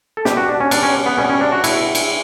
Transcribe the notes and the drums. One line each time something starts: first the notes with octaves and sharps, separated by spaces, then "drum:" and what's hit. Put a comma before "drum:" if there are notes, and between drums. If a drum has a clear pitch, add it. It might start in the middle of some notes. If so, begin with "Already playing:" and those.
A4
B2 G3 G4, drum: snare
F#4
D4
C#4
B2 G3 D4, drum: cymbal
C#4
B3
B2 G3 C#4
C#4
D4
F#4
B2 G3 E4, drum: cymbal
drum: cymbal